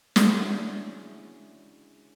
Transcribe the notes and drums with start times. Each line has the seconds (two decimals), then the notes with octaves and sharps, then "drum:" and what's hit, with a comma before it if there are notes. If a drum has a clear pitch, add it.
0.16 G#3 C#4 D4 E4 F#4 G#4, drum: snare